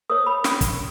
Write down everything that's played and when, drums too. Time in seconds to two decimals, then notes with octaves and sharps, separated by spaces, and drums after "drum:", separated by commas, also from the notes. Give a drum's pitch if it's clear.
0.10 A#4 C#5 D#6
0.26 B5
0.44 C#4, drum: snare
0.61 drum: kick, hi-hat